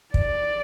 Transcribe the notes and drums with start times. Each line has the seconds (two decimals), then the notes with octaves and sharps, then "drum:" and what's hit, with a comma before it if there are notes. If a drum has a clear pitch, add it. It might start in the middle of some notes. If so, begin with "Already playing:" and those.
0.14 D5, drum: kick